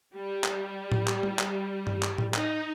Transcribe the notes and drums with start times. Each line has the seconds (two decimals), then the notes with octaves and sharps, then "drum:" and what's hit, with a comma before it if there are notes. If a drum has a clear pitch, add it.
0.14 G3
0.44 drum: clap
0.92 drum: tom A2
1.07 drum: clap
1.23 drum: tom G3
1.39 drum: clap
1.87 drum: tom G2
2.03 drum: clap
2.18 drum: tom A2
2.34 D#4, drum: clap